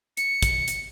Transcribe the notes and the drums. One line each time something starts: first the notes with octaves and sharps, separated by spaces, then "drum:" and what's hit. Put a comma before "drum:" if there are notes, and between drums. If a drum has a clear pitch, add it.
C#7, drum: hi-hat
drum: kick, hi-hat
drum: hi-hat